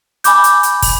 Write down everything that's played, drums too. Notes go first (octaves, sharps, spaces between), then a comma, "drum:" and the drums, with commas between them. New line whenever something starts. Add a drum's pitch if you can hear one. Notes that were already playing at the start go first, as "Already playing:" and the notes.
G#5 B5 D6 G6, drum: hi-hat
drum: hi-hat
drum: hi-hat
drum: kick, open hi-hat